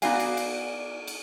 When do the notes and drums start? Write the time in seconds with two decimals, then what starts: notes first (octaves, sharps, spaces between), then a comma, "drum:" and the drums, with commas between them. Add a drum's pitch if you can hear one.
0.02 B3 D#4 F#4 D5 F5 G#5, drum: cymbal
0.20 drum: cymbal
0.37 drum: cymbal
1.07 drum: cymbal